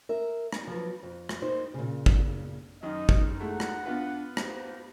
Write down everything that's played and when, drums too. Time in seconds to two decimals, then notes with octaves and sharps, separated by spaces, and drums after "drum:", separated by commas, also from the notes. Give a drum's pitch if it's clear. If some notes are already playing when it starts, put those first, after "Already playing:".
0.09 A#4 E5
0.53 drum: rim click
0.67 F3 F#3 B4
1.03 F2
1.29 drum: rim click
1.42 A#3 D#4 C5
1.74 A#2 C#3
2.06 drum: kick
2.83 F#2 D#3 D#4 D#5
3.09 drum: kick
3.40 G#3 A3 E4 F#5
3.60 drum: rim click
3.86 B3 D4 F4 B4
4.37 G4 C5, drum: rim click